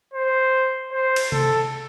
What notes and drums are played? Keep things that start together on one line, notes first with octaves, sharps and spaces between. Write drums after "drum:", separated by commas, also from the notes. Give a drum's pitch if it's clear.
C5
C5
drum: cymbal
A4, drum: tom C3